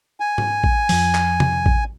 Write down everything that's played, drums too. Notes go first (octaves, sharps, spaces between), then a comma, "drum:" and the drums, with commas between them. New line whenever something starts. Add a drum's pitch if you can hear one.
G#5
drum: tom G#2
drum: kick A1
F2 F3, drum: open hi-hat
drum: clap
drum: tom C3
drum: kick A1